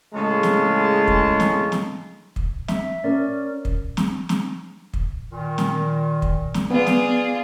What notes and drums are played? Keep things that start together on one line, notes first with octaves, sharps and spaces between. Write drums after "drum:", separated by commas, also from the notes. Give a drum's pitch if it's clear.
A2 C#3 G#3 C#4 F4 A5
drum: snare
drum: kick
drum: snare
drum: snare
drum: kick
E5, drum: snare
C#4 A#4 D5
drum: kick
drum: snare
drum: snare
drum: kick
A#2 D#3
drum: snare
drum: kick
drum: snare
B3 F4 G#4 D5
drum: snare